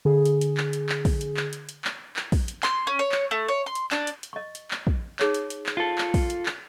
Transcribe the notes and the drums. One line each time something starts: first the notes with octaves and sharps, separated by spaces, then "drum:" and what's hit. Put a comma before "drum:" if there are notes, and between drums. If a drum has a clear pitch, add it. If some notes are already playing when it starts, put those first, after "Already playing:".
D3 G#4
drum: hi-hat
drum: hi-hat
drum: clap
drum: hi-hat
drum: clap
drum: kick, open hi-hat
drum: hi-hat
drum: clap
drum: hi-hat
drum: hi-hat
drum: clap
drum: clap
drum: kick, open hi-hat
drum: hi-hat
C6, drum: clap
C#4
C#5
drum: clap
A3
C#5
C6
drum: hi-hat
D4, drum: clap
drum: hi-hat
drum: hi-hat
D#5 C#6
drum: hi-hat
drum: clap
drum: kick
D#4 G#4 C#5, drum: clap
drum: hi-hat
drum: hi-hat
drum: clap
F4 A4
drum: clap
drum: kick, open hi-hat
drum: hi-hat
drum: clap